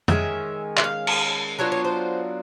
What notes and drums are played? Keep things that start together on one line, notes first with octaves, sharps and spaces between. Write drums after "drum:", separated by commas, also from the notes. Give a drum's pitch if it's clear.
D#3 G#3 C#4 E5, drum: tom F2
E5, drum: clap
F5
drum: cymbal
F#3 B3 D4 F4 C#5
C#5
C5